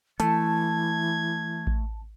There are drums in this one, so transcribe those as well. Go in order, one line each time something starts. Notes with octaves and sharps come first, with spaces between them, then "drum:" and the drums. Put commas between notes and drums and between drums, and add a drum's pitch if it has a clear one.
E3 A3 A5 G#6, drum: hi-hat
drum: kick A1